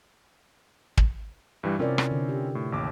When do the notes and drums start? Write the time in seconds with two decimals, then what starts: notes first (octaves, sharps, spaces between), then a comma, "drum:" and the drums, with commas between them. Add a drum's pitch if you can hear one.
0.97 drum: kick
1.63 G2 E3 G3
1.79 C3 C4 C#4 E4 F4 A#4 D5
1.98 drum: rim click
2.11 D3
2.29 G4
2.55 A2
2.72 A1 D#2 D6